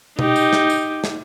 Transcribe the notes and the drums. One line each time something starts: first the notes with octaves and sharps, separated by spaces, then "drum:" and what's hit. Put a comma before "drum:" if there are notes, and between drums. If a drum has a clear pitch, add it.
D#4 G4, drum: tom B2
drum: tambourine
drum: snare
drum: tambourine
drum: snare